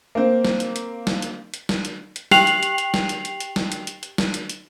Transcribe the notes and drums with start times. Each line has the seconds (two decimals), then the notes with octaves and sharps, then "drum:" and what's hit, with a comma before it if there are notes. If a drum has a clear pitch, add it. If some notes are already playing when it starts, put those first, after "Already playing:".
0.15 A#3 C4
0.45 drum: snare
0.60 drum: hi-hat
0.76 drum: hi-hat
1.07 drum: snare
1.22 drum: hi-hat
1.54 drum: hi-hat
1.69 drum: snare
1.85 drum: hi-hat
2.16 drum: hi-hat
2.31 G4 G5 C7 F7 F#7, drum: snare
2.47 drum: hi-hat
2.63 drum: hi-hat
2.78 drum: hi-hat
2.94 drum: snare
3.09 drum: hi-hat
3.25 drum: hi-hat
3.40 drum: hi-hat
3.56 drum: snare
3.72 drum: hi-hat
3.87 drum: hi-hat
4.03 drum: hi-hat
4.18 drum: snare
4.34 drum: hi-hat
4.50 drum: hi-hat